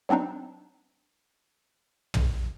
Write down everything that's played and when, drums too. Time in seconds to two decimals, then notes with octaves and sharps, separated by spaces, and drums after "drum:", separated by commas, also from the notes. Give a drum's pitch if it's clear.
0.09 F#3 B3 C4 D4 D#4
2.14 drum: tom